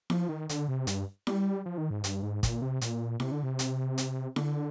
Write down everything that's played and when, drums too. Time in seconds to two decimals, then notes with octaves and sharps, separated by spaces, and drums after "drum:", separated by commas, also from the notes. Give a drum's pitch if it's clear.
0.10 F3, drum: snare E4
0.29 D#3
0.49 D3, drum: hi-hat
0.68 C3
0.87 G2, drum: hi-hat
1.27 G3, drum: snare E4
1.66 F3
1.78 D#3
1.90 G#2
2.04 G2, drum: hi-hat
2.23 G#2
2.43 A#2, drum: kick, hi-hat
2.62 C3
2.81 A#2, drum: hi-hat
3.20 C3, drum: snare E4
3.32 D3
3.43 C3
3.59 drum: hi-hat
3.98 drum: hi-hat
4.36 D3, drum: snare E4